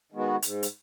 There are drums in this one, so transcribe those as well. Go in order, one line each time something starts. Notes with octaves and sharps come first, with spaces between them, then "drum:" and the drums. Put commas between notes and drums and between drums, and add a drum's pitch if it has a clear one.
D#3 G#3 B3 F#4
G#2, drum: hi-hat
drum: hi-hat